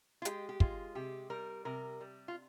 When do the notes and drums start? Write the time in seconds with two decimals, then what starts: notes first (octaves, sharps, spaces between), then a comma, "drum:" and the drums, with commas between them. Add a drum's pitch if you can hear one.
0.22 F4
0.25 G#3 G4, drum: hi-hat
0.49 G4
0.60 G#3 F4, drum: kick
0.95 C3 G4
1.30 G3 A#4
1.65 C3 A#4
2.01 G3
2.28 F4